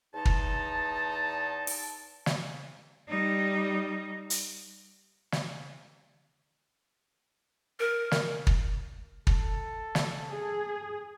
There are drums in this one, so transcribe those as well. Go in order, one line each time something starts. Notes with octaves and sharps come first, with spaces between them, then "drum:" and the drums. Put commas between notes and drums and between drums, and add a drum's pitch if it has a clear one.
E2 D#4 A5
drum: kick
drum: open hi-hat
drum: snare
G3 D#4
drum: hi-hat
drum: snare
A#4
drum: snare
drum: kick
A4, drum: kick
drum: snare
G#4